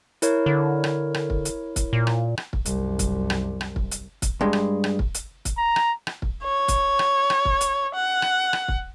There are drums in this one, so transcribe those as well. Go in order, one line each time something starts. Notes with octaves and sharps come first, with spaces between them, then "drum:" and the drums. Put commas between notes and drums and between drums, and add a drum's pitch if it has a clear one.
E4 A#4 C#5, drum: hi-hat
D3
drum: rim click
drum: rim click
drum: kick
drum: hi-hat
drum: kick, hi-hat
A#2
drum: rim click
drum: rim click
drum: kick
C2 F#2, drum: hi-hat
drum: kick, hi-hat
drum: rim click
drum: rim click
drum: kick
drum: hi-hat
drum: kick, hi-hat
G2 G#3
drum: rim click
drum: rim click
drum: kick
drum: hi-hat
drum: kick, hi-hat
A#5
drum: rim click
drum: rim click
drum: kick
C#5
drum: kick, hi-hat
drum: rim click
drum: rim click
drum: kick
drum: hi-hat
F#5
drum: rim click
drum: rim click
drum: kick